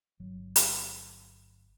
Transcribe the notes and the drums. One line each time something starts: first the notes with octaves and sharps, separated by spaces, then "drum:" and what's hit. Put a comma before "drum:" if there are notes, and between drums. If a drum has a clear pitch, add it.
G1 F#3
drum: hi-hat